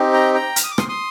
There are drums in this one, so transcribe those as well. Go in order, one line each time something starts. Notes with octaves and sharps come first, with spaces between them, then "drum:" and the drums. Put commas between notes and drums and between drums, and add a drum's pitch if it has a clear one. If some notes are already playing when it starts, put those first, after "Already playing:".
Already playing: C4 D#4 G4
G5 A#5
G5 A#5
F6, drum: hi-hat
D#6
D6
C6 D#6, drum: rim click
C6 D#6